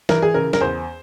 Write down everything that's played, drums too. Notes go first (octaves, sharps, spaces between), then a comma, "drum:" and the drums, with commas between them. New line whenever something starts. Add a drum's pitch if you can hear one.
E3 A#4, drum: snare
G#4
C#3 A#4
A#4, drum: snare
E2 C5